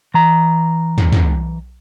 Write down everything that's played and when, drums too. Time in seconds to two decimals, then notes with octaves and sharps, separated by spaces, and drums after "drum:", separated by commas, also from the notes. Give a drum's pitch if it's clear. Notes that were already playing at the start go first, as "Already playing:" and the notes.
0.14 E3 A#5
0.98 drum: tom
1.12 drum: tom